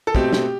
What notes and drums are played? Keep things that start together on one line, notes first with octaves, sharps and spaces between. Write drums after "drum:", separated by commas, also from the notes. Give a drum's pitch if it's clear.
A4
B2 A3 C4 G4, drum: kick
drum: snare